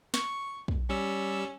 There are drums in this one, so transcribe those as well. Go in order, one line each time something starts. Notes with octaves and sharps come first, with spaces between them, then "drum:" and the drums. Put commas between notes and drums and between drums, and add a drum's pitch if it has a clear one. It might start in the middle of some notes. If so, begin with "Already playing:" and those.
C#6, drum: snare
drum: kick
G3 C#4 E6